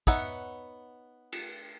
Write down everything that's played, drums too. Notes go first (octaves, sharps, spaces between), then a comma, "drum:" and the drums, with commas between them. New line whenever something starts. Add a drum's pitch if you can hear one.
B3 D#4 C#5 E5 F#5, drum: kick
drum: cymbal